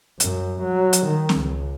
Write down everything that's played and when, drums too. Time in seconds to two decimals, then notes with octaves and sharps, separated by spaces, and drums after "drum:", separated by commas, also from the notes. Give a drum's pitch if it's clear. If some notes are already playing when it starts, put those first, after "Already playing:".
0.20 F#2, drum: hi-hat
0.62 F#3
0.93 drum: hi-hat
1.06 D#3
1.29 drum: snare C4
1.39 C#2